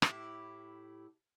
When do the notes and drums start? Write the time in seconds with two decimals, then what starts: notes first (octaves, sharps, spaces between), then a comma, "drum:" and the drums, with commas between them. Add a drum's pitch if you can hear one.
0.02 A2 E4 G4, drum: rim click